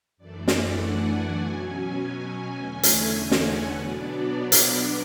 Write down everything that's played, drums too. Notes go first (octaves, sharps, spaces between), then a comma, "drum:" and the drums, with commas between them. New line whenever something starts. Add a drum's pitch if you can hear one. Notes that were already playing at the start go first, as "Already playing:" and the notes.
F#2 E3 A3 D4 D5
F#5, drum: snare
G#5
B2 F#3 C#4
G#5
E2 D3 A3 C#4
drum: hi-hat
F#5
drum: snare
B2 F#3 B3 D4 D5
drum: hi-hat